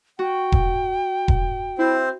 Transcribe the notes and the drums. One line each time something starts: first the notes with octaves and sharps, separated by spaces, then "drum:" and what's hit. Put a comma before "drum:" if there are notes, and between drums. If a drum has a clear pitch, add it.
F#4 G5
drum: kick E1
drum: kick E1
C4 E4 C5